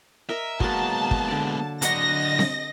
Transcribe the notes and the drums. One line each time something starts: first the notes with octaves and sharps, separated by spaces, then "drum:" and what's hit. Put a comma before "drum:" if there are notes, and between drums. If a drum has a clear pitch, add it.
A#4 D#5 E5 A#5
F#3 G#3 A#3 B3 A5, drum: kick
drum: kick
D3 D5
D3 F#3 D#5 F#5 C6 D6 A#6, drum: hi-hat
drum: snare C4